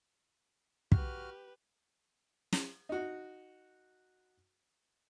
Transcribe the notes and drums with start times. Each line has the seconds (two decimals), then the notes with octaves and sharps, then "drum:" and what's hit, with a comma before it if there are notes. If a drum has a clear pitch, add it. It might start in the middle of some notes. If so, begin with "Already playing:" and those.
0.92 F#4 G4 B4 F6, drum: kick
2.53 drum: snare
2.89 D#4 F#4